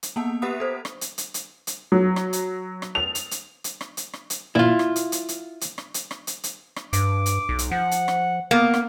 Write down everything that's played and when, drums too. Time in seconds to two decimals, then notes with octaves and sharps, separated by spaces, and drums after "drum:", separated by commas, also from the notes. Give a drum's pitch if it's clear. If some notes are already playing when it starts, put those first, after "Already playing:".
0.03 drum: hi-hat
0.16 A#3 B3 F#5 A5
0.42 G4 B4 E5 F#5 B5 D#6
0.60 A4 C5
0.85 drum: rim click
1.01 drum: hi-hat
1.18 drum: hi-hat
1.34 drum: hi-hat
1.67 drum: hi-hat
1.92 F#3
2.16 drum: rim click
2.33 drum: hi-hat
2.82 drum: rim click
2.95 F7
3.15 drum: hi-hat
3.31 drum: hi-hat
3.64 drum: hi-hat
3.81 drum: rim click
3.97 drum: hi-hat
4.13 drum: rim click
4.30 drum: hi-hat
4.55 A#2 E4 F4
4.79 drum: rim click
4.96 drum: hi-hat
5.12 drum: hi-hat
5.29 drum: hi-hat
5.61 drum: hi-hat
5.78 drum: rim click
5.94 drum: hi-hat
6.11 drum: rim click
6.27 drum: hi-hat
6.44 drum: hi-hat
6.76 drum: rim click
6.93 G2 D6, drum: hi-hat
7.26 drum: hi-hat
7.49 B1
7.59 drum: hi-hat
7.71 F3 F#5
7.91 drum: hi-hat
8.08 drum: rim click
8.51 A#3 B3
8.74 drum: rim click